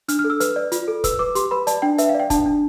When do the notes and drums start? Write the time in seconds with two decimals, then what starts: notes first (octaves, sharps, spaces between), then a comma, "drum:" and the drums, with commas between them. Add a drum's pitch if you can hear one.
0.08 D4 F6, drum: hi-hat
0.19 F6
0.24 A4
0.30 E6
0.40 B4 F6, drum: hi-hat
0.56 D5
0.72 F4, drum: hi-hat
0.88 A4
1.04 B4 E6, drum: kick, hi-hat
1.19 B4 D6
1.35 G4 C6, drum: hi-hat
1.51 B4 B5
1.67 D5 A5, drum: hi-hat
1.82 D4 G5
1.98 B4 E5, drum: hi-hat
2.09 F5
2.14 D5
2.20 G5
2.30 D4 A5, drum: kick, hi-hat
2.46 D4